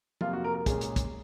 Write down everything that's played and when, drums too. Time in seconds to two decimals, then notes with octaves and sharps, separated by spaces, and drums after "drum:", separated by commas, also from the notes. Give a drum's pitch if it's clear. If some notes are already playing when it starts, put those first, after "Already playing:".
0.21 F2 C3 F3 A#3 F4, drum: tom
0.33 F#4
0.44 A#4
0.54 A#4
0.66 A#2 G#3 C#4 G#4, drum: kick, hi-hat
0.81 drum: hi-hat
0.96 drum: kick, hi-hat